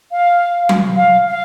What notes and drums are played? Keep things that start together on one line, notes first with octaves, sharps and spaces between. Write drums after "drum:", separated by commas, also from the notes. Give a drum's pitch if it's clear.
F5
drum: tom F#3
F5
F5